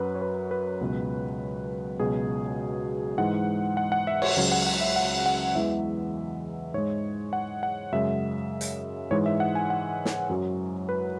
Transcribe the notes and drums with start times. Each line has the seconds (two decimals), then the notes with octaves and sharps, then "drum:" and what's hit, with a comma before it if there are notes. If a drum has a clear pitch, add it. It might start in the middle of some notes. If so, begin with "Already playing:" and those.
Already playing: F#2 F#3 B4
0.15 C#5
0.21 B4
0.51 B4
0.81 C#2 B2 F#3
1.99 C#2 B2 F#3 G#4
3.18 G#2 E3 G#3 F#5
3.77 F#5
3.92 F#5
4.07 E5
4.22 C#5, drum: cymbal
4.36 C#2 C#3 F#3
4.52 F#5
4.66 F#5
4.81 E5
4.96 F#5
5.26 F#5
5.55 E2 E3 G#3 E5
6.74 G#2 G#3 C#5
7.33 F#5
7.63 F#5
7.92 F#2 C#3 G#3 E5
8.61 drum: hi-hat
9.11 G#2 E3 G#3 C#5
9.26 E5
9.40 F#5
9.55 G#5
9.70 F#5
10.05 drum: snare
10.29 F#2 F#3
10.89 B4